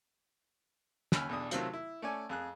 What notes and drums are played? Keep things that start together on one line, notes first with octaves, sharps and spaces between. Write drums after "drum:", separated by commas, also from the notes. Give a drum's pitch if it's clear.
D#2 C#4 B5 F6, drum: snare
B1 E2 D4 D#6
C3 D#3 F#3 A3 C4 F4, drum: hi-hat
E4
A3 C#4 D5 G#5
F2 G#4 F#6